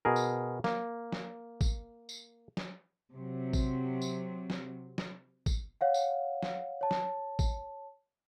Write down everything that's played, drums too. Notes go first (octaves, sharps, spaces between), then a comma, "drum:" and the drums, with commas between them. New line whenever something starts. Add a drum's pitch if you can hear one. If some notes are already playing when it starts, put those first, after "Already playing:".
B2 G#4 A#4
drum: tambourine
A#3, drum: snare
drum: snare
drum: kick, tambourine
drum: tambourine
drum: snare
C3 F#3
drum: kick, tambourine
drum: tambourine
drum: snare
drum: snare
drum: kick, tambourine
C#5 F5 F#5
drum: tambourine
drum: snare
C#5 A5
drum: snare
drum: kick, tambourine